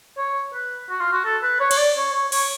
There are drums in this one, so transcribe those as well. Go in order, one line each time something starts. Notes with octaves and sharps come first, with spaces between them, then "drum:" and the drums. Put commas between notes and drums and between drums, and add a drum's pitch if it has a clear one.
C#5
B4
F#4
F4
F#4
A4
B4
C#5
C#5, drum: cymbal
D5
C#5
C#5
C#5, drum: cymbal